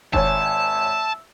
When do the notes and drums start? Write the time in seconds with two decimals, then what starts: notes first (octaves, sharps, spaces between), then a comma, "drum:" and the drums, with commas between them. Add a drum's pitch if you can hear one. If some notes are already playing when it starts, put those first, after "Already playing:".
0.14 G#1 C#5 E5 G#5 A5, drum: kick F1